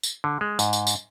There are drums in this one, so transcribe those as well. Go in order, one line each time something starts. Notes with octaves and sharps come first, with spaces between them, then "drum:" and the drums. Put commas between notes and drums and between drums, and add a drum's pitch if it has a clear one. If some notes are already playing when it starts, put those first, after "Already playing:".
drum: tambourine
D3
G#3
G#2, drum: tambourine
drum: tambourine
drum: tambourine